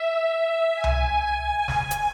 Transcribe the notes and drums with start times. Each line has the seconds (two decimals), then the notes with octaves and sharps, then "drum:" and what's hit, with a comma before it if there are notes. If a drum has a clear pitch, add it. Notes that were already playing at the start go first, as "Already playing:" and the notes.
Already playing: E5
0.74 G#5
0.84 drum: tom C2
1.18 G#5
1.68 drum: snare
1.91 drum: hi-hat